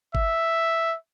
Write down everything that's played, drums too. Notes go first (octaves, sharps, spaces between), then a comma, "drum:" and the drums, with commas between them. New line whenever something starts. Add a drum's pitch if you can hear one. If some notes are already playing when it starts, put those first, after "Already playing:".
E5, drum: kick G1